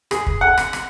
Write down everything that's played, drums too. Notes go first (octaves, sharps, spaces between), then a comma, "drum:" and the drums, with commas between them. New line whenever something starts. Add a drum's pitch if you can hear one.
G#4, drum: rim click
drum: kick
F#5
drum: rim click
drum: rim click